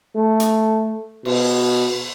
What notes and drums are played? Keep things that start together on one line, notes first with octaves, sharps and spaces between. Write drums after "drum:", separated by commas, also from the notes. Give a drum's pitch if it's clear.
A3
drum: hi-hat
B2, drum: cymbal